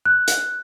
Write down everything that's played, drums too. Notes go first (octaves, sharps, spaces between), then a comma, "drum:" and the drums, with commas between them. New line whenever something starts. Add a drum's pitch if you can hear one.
F#6
drum: hi-hat